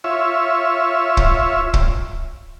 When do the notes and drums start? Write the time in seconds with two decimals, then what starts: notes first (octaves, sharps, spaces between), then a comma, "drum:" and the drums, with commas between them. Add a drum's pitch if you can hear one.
0.04 F4 C#5 E5
1.17 drum: kick
1.74 drum: kick